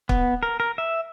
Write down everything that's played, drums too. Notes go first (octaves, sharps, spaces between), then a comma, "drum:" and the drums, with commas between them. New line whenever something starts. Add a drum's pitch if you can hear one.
B3, drum: kick
A#4
A#4
E5